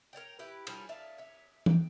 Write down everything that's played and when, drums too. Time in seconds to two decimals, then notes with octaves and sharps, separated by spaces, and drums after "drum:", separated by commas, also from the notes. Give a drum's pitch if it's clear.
0.13 A#4 C#5 D5 G5
0.39 E4 G4 B4
0.67 F3 G3 G#5, drum: cymbal
0.89 D5 E5 F5 A5
1.18 C#5 E5
1.66 G5, drum: tom